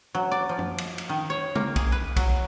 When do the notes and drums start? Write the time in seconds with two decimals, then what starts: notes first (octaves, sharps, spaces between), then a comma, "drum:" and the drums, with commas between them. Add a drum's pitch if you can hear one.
0.15 F#3
0.31 D5
0.49 F3
0.59 drum: tom
0.78 drum: cymbal
0.98 drum: cymbal
1.09 D#3
1.30 C#5
1.55 A#3, drum: tom
1.76 G#4, drum: kick B1, cymbal
1.92 B4
2.16 F#3, drum: kick B1, cymbal